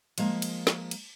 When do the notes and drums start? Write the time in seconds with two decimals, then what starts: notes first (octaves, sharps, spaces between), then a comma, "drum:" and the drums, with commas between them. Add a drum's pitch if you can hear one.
0.18 F3 G#3 A#3, drum: cymbal
0.42 drum: cymbal
0.67 drum: snare
0.91 drum: cymbal